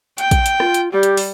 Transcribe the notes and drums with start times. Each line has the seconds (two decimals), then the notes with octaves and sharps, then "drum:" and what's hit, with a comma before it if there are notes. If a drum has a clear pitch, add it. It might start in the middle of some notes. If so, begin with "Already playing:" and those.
0.18 G5, drum: hi-hat
0.31 drum: kick, hi-hat
0.46 drum: hi-hat
0.60 F4, drum: rim click
0.74 drum: hi-hat
0.93 G3 G4
1.03 drum: hi-hat
1.17 drum: open hi-hat